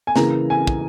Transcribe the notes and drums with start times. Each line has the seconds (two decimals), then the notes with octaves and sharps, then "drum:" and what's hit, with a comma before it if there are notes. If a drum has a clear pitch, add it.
0.07 G#5
0.16 C#3 E3 A#3 A#5, drum: snare
0.50 G#5
0.67 drum: kick